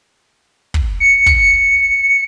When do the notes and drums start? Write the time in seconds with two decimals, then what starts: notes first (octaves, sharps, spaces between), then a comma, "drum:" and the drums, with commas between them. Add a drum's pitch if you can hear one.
0.74 drum: kick
1.00 C#7
1.26 drum: kick